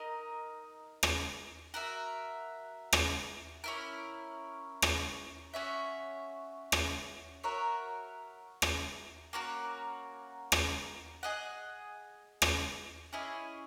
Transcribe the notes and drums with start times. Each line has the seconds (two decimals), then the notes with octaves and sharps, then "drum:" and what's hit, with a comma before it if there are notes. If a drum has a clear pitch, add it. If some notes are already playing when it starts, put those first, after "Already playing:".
Already playing: D#4 A#4 D#5
1.03 drum: rim click
1.74 F#4 A#4 E5
2.93 drum: rim click
3.64 C#4 E4 A#4
4.82 drum: rim click
5.54 C#4 F#4 C#5 E5
6.72 drum: rim click
7.44 F#4 A#4 C#5 E5
8.62 drum: rim click
9.33 A#3 C#4 F#4 A#4
10.52 drum: rim click
11.23 G#4 D#5 F#5
12.42 drum: rim click
13.13 C#4 E4 G#4 D#5